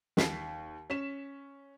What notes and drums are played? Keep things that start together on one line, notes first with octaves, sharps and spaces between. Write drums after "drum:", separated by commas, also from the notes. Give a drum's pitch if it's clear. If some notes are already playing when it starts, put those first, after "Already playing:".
D#2 B6 C7, drum: snare
C#4 B6 E7